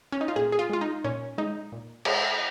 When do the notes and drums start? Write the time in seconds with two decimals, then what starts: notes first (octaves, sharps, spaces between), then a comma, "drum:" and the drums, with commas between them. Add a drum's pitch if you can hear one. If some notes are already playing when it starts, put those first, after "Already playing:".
0.12 C#4
0.21 D#4
0.28 F4
0.36 A#2 G#4
0.52 G#4
0.59 F4
0.70 G#3 F4
0.81 D#4
1.04 A#2 C#4
1.38 G#3 D#4
1.72 A#2
2.05 G#3, drum: cymbal